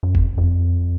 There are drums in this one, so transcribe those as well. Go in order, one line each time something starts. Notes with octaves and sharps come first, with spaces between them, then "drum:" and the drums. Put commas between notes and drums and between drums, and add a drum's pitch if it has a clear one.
F#2
F2, drum: kick
F2